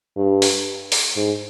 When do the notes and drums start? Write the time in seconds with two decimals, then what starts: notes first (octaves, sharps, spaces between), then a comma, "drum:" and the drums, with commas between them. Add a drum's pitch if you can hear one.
0.16 G2
0.42 drum: open hi-hat
0.92 drum: open hi-hat
1.16 G#2